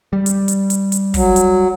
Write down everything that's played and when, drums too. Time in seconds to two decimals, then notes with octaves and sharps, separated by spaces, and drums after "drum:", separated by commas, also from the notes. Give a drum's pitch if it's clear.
0.13 G3
0.26 drum: hi-hat
0.48 drum: hi-hat
0.70 drum: hi-hat
0.92 drum: hi-hat
1.14 F#3, drum: kick, open hi-hat
1.36 drum: hi-hat